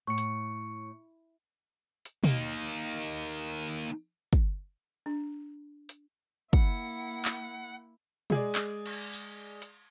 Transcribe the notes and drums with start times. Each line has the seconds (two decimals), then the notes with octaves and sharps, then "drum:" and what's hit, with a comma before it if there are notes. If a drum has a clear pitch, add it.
0.07 A2 C#6 C#7
0.18 drum: hi-hat
2.05 drum: hi-hat
2.24 A#3 D#4, drum: tom B2
4.33 drum: kick
5.06 D4
5.89 drum: hi-hat
6.53 A#3 E4 F#5, drum: kick
7.25 drum: clap
8.30 G#3 G#4 D5, drum: tom B2
8.55 drum: clap
8.86 drum: cymbal
9.14 drum: tambourine
9.62 drum: hi-hat